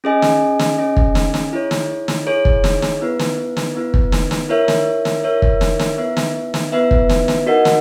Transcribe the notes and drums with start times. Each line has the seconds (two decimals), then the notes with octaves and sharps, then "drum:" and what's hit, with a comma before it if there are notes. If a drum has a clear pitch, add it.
0.04 C#4 G#4 D#5 G#5
0.22 drum: snare
0.59 drum: snare
0.78 C#4 G#4 D#5 G#5
0.97 drum: kick
1.15 drum: snare
1.34 drum: snare
1.53 E4 G#4 C#5
1.71 drum: snare
2.08 drum: snare
2.27 E4 G#4 C#5
2.45 drum: kick
2.64 drum: snare
2.82 drum: snare
3.01 B3 E4 B4
3.19 drum: snare
3.57 drum: snare
3.75 B3 E4 B4
3.94 drum: kick
4.12 drum: snare
4.31 drum: snare
4.49 E4 A#4 C#5 E5
4.68 drum: snare
5.05 drum: snare
5.23 E4 A#4 C#5 E5
5.42 drum: kick
5.61 drum: snare
5.79 drum: snare
5.98 B3 E4 B4 E5
6.17 drum: snare
6.54 drum: snare
6.72 B3 E4 B4 E5
6.91 drum: kick
7.09 drum: snare
7.28 drum: snare
7.46 D#4 F#4 A#4 D#5 F#5
7.65 drum: snare